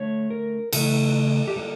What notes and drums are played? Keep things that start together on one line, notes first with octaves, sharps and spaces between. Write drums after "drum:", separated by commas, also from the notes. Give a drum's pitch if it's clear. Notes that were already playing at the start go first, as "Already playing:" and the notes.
Already playing: D3 A3 C#5
A#4
C#3 E3 A3 A4, drum: cymbal
G4
D3 G3 A#3 A4